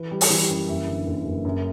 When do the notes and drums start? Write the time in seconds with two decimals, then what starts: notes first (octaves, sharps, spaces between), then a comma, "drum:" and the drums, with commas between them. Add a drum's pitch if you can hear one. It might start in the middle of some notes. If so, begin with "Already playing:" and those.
Already playing: E3 B4
0.11 G3
0.21 drum: open hi-hat
0.30 E3
0.49 F#2
0.69 F#1 E5
0.87 D3
1.07 F#1
1.25 F#1
1.45 F#2